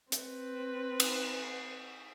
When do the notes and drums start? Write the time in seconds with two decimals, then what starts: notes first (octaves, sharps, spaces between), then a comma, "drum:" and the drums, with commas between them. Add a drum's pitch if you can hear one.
0.12 C4 B4, drum: hi-hat
1.00 drum: cymbal